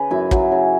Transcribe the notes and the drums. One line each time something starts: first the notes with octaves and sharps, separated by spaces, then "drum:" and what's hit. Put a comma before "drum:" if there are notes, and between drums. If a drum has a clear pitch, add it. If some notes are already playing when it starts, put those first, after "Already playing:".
Already playing: C#3 B4
F#2 E4
F#3, drum: kick
C#3